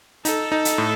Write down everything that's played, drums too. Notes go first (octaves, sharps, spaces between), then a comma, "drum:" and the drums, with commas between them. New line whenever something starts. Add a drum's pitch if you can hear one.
D#4 A4, drum: hi-hat
D#4
drum: hi-hat
A2